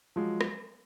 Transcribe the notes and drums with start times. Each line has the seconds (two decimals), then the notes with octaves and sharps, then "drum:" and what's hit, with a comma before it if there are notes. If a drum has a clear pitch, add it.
0.16 F3 F#3 G#3
0.41 drum: rim click